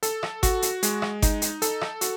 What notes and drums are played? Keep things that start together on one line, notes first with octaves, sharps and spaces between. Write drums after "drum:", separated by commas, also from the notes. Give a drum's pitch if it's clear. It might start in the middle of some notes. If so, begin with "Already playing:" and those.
A4, drum: hi-hat
drum: rim click
F#4, drum: kick G1, hi-hat
drum: hi-hat
G#3, drum: hi-hat
drum: rim click
D#4, drum: kick G1, hi-hat
drum: hi-hat
A4, drum: hi-hat
drum: rim click
F#4, drum: hi-hat